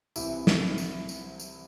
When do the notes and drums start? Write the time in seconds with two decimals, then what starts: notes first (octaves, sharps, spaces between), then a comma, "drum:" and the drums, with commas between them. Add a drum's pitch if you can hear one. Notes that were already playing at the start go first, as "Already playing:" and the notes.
0.16 C2 C3 E3 E4, drum: tambourine
0.47 drum: snare
0.78 drum: tambourine
1.09 drum: tambourine
1.40 drum: tambourine